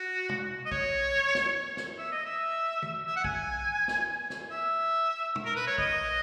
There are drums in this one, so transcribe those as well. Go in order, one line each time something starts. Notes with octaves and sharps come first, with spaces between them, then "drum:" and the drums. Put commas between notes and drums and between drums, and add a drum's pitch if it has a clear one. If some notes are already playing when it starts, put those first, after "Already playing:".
Already playing: F#4
drum: tom
D#5
C#5, drum: kick
drum: snare
drum: snare
E5
D#5
E5
drum: tom
E5
F#5
G#5, drum: kick
drum: snare
drum: snare
E5
drum: tom
A#4
B4
C#5
D#5, drum: kick